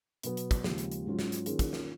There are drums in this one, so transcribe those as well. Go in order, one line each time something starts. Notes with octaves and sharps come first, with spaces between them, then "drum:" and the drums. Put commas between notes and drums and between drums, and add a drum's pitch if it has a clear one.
B2 F#3 B3, drum: hi-hat
drum: hi-hat
drum: kick, hi-hat
D#2 C#3 F3 G#3, drum: snare
drum: hi-hat
drum: hi-hat
G#2 F#3 C#4 F4
drum: snare
drum: hi-hat
D#3 A#3 C#4 F4 G#4, drum: hi-hat
drum: kick, hi-hat
drum: snare